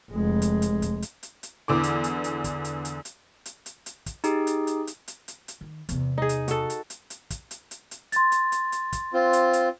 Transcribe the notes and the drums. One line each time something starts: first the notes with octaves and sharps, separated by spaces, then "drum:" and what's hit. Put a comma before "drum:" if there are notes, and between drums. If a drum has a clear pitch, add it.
F1 G#3
drum: hi-hat
drum: hi-hat
drum: kick, hi-hat
drum: hi-hat
drum: hi-hat
drum: hi-hat
E2 D3 E3 D6
drum: hi-hat
drum: hi-hat
drum: hi-hat
drum: kick, hi-hat
drum: hi-hat
drum: hi-hat
drum: hi-hat
drum: hi-hat
drum: hi-hat
drum: hi-hat
drum: kick, hi-hat
D#4 G4 G#4, drum: hi-hat
drum: hi-hat
drum: hi-hat
drum: hi-hat
drum: hi-hat
drum: hi-hat
drum: hi-hat
D#3
E2 C3, drum: hi-hat
D#4 G#4
drum: hi-hat
F#4 A4, drum: hi-hat
drum: hi-hat
drum: hi-hat
drum: hi-hat
drum: kick, hi-hat
drum: hi-hat
drum: hi-hat
drum: hi-hat
C6 A6, drum: hi-hat
drum: hi-hat
drum: hi-hat
drum: hi-hat
drum: kick, hi-hat
C4 F4
drum: hi-hat
drum: hi-hat